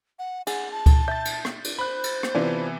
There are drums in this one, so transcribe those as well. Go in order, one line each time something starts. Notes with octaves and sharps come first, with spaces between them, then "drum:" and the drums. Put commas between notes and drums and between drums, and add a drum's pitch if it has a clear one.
F#5
G#4 F#5, drum: cymbal
A5
drum: kick C#2, cymbal
E5 G6 A6
drum: cymbal
drum: rim click
drum: cymbal
C5 B5 F#6
drum: cymbal
drum: rim click
C3 E3 B3 D4 F4 B4